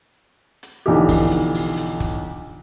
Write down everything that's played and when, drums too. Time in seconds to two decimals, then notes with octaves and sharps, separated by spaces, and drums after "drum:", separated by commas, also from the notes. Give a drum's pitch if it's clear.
0.63 drum: hi-hat
0.86 B1 D3 E3 F3 D#4 G4
1.09 drum: kick, open hi-hat
1.31 drum: hi-hat
1.54 drum: open hi-hat
1.77 drum: hi-hat
2.00 drum: kick, hi-hat